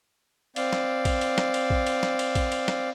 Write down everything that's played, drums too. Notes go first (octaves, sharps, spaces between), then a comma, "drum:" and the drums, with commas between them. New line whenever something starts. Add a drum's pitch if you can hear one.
C4 D5 F5, drum: cymbal
drum: snare
drum: kick, cymbal
drum: cymbal
drum: snare
drum: cymbal
drum: kick
drum: cymbal
drum: snare
drum: cymbal
drum: kick, cymbal
drum: cymbal
drum: snare